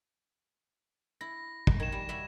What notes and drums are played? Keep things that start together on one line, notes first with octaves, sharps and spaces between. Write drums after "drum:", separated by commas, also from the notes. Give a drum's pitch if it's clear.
E4 A#6
drum: kick
D#3 G#6 E7
G3
G3 F#4 E5